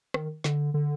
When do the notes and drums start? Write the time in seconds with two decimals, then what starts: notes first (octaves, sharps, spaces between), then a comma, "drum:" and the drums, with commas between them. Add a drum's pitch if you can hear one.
0.14 D#3, drum: rim click
0.44 D3, drum: snare
0.74 D3